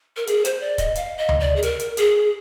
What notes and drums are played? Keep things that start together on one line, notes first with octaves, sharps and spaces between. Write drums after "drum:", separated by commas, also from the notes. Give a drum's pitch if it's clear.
A#4
G#4, drum: hi-hat
C5, drum: hi-hat
D5
D#5, drum: kick, hi-hat
F5, drum: hi-hat
D#5
drum: tom D2
D5
G#4
A#4, drum: hi-hat
drum: hi-hat
G#4, drum: hi-hat